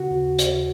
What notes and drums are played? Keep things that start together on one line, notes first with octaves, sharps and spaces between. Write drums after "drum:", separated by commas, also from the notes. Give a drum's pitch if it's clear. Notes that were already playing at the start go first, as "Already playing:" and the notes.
Already playing: C#3 F#4
D#2
D#2, drum: hi-hat